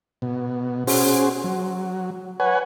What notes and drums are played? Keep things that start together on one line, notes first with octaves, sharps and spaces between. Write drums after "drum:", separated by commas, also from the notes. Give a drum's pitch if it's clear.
B2
C#4 F#4 G#4 C5, drum: open hi-hat
F#3
B4 C#5 F#5 G#5